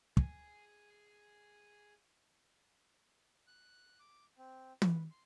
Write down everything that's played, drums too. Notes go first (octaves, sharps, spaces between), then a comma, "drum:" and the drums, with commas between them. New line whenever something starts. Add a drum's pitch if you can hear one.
G#4 G#5, drum: kick
F#6
D6
C4
B4, drum: tom
C6